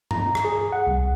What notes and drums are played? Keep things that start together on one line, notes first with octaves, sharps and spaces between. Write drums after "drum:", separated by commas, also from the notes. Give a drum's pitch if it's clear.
A#5, drum: tom G2
drum: rim click
G#4
F#5
C2